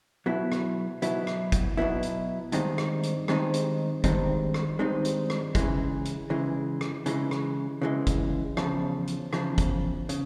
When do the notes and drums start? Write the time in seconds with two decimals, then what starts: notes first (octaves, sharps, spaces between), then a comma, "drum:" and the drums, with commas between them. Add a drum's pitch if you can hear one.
0.26 B2 F#3 B3 E4
0.52 drum: rim click
1.02 B2 F#3 B3 E4, drum: hi-hat
1.27 drum: rim click
1.52 drum: kick, hi-hat
1.77 B2 F#3 B3 E4
2.03 drum: hi-hat
2.52 G2 D#3 G#3 C4 D#4, drum: hi-hat
2.78 drum: rim click
3.03 drum: hi-hat
3.28 G2 D#3 G#3 C4 D#4, drum: rim click
3.54 drum: hi-hat
4.04 G2 D#3 G#3 C4 D#4, drum: kick, hi-hat
4.54 drum: rim click
4.79 G2 D#3 G#3 C4 D#4
5.05 drum: hi-hat
5.30 drum: rim click
5.55 C#3 E3 G#3, drum: kick, hi-hat
6.05 drum: hi-hat
6.30 C#3 E3 G#3
6.81 drum: rim click
7.06 C#3 E3 G#3, drum: hi-hat
7.31 drum: rim click
7.82 C#3 E3 G#3
8.07 drum: kick, hi-hat
8.57 E2 C#3 F3, drum: rim click
9.08 drum: hi-hat
9.33 E2 C#3 F3, drum: rim click
9.58 drum: kick, hi-hat
10.09 C#3, drum: hi-hat